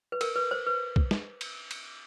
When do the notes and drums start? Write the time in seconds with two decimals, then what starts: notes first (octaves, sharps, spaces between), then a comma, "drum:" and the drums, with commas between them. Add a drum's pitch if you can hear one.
0.12 B4
0.21 A#4, drum: cymbal
0.36 B4
0.51 C5
0.67 B4
0.96 drum: kick B1
1.11 drum: snare
1.41 drum: cymbal
1.71 drum: cymbal